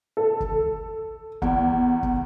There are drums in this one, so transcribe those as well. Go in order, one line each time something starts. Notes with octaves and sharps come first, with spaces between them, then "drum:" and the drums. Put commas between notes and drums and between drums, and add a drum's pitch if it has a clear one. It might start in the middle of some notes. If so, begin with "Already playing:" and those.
A4
drum: kick
E2, drum: kick
drum: kick